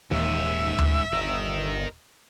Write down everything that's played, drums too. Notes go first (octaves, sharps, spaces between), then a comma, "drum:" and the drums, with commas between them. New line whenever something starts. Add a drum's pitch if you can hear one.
D#1 D#2 G#2 E3 C#4 E5
drum: tom D2
G1 A#4 D#5